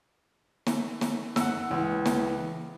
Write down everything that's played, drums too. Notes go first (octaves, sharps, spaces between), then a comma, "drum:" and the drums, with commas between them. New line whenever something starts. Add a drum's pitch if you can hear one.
drum: snare
drum: snare
F#5 E6, drum: snare
C#2 E3
drum: snare